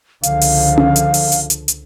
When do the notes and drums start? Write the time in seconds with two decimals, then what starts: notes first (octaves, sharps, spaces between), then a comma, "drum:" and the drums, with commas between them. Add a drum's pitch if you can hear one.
0.23 C#2 D3 F3 F5, drum: hi-hat
0.41 drum: open hi-hat
0.78 drum: tom C#4
0.96 drum: hi-hat
1.14 drum: open hi-hat
1.32 drum: hi-hat
1.50 drum: hi-hat
1.68 drum: hi-hat